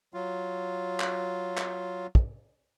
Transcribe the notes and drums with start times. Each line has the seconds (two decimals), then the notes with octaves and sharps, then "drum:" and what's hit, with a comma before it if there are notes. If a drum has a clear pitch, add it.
0.14 F#3 F4
1.00 drum: clap
1.58 drum: clap
2.15 drum: kick